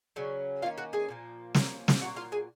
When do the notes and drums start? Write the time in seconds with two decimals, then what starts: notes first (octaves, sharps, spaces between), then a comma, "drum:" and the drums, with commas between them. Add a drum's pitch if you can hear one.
0.16 C#3 F#3 C#4
0.62 D#3 A#3 C#4 F4 F5
0.78 F#4 F#5
0.93 G#4 G#5
1.09 A#2 F3 A#3
1.54 F3 A#3 C#4, drum: snare
1.88 drum: snare
2.01 A#2 F#3 A#3 F#4 F#5
2.16 F4 F5
2.32 G#4 G#5